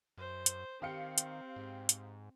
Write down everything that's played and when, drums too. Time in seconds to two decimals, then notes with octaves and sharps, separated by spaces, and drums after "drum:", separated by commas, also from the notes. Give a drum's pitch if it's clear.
0.18 F#2 C5
0.46 drum: hi-hat
0.82 D#3 C4 G4 F5 C#7
1.18 drum: hi-hat
1.56 G#2
1.89 drum: hi-hat